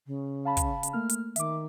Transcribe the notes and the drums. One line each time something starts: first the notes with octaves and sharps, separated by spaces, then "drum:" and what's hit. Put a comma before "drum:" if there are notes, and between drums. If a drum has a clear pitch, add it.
C#3
F5 A5 B5
drum: kick, hi-hat
drum: hi-hat
A3 A#3 F6
drum: hi-hat
D#3 E5 D6, drum: hi-hat